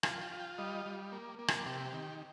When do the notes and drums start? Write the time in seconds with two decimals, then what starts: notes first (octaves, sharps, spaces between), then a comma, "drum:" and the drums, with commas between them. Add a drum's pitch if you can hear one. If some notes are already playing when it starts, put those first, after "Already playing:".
0.03 F4 G#5, drum: rim click
0.21 G5
0.31 F4
0.40 G5
0.58 G3 D#5
0.86 G3
1.12 A#3
1.39 A#3
1.48 drum: rim click
1.66 C3 G4
1.93 D#3